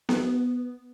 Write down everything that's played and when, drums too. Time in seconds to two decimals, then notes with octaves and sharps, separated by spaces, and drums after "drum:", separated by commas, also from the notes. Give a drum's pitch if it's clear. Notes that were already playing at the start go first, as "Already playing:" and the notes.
0.09 B3, drum: snare B3